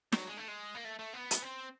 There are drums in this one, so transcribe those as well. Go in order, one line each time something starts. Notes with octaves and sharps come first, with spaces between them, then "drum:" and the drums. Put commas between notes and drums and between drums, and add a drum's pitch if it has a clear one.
F#3, drum: snare
G#3
A3
G#3
A#3
A3
A3
B3
drum: hi-hat
C4